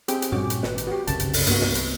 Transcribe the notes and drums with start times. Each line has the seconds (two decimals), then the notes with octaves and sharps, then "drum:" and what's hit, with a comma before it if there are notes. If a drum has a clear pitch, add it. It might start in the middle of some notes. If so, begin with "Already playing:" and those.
0.08 C4 G4 G#4 G5, drum: hi-hat
0.22 drum: hi-hat
0.32 G2 A#2 G3 C#4 F#4 D6
0.50 drum: hi-hat
0.63 G#1 B4, drum: snare
0.78 drum: hi-hat
0.87 F#4 G4
1.07 G1 C2 F#2 C#3 A5, drum: hi-hat
1.20 drum: hi-hat
1.33 drum: open hi-hat
1.47 C2 G2 A#3 B3 F#4, drum: hi-hat
1.61 drum: snare
1.75 drum: hi-hat